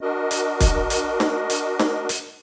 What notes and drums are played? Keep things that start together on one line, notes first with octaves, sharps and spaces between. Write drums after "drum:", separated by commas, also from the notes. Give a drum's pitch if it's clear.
D4 F#4 A#4 D#5
drum: hi-hat
drum: kick, hi-hat
drum: hi-hat
drum: snare
drum: hi-hat
drum: snare
drum: hi-hat